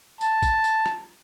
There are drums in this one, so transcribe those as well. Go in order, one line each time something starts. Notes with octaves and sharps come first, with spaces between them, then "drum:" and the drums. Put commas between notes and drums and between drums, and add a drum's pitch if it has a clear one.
A5, drum: tambourine
drum: kick A#1, tambourine
drum: tambourine
drum: rim click